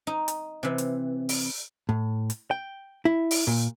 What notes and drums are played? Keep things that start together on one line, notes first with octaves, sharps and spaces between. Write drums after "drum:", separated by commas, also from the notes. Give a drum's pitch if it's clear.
D#4
drum: hi-hat
C3 E3
drum: hi-hat
drum: open hi-hat
A2
drum: hi-hat
G5
E4
drum: open hi-hat
A#2